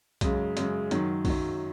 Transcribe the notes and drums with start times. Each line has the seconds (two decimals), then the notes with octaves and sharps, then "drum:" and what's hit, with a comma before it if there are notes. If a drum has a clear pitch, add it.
0.21 F#2 C#3 G#3, drum: kick B1, hi-hat
0.57 F#2 C#3 G#3, drum: hi-hat
0.91 F#2 D#3 F#3, drum: hi-hat
1.25 F#2 D#3 F#3, drum: kick B1, open hi-hat